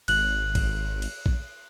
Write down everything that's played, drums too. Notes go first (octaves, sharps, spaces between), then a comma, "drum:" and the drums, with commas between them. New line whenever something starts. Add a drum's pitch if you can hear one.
G#1 F#6 F#7, drum: cymbal
drum: kick A#1, cymbal
drum: cymbal
drum: kick A#1